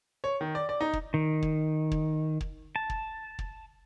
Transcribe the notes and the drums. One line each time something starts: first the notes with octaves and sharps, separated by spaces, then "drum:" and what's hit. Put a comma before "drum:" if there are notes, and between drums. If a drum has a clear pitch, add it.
C#5
D#3
D5
D5
D#4
drum: kick
D#3
drum: kick
drum: kick
drum: kick
A5
drum: kick
drum: kick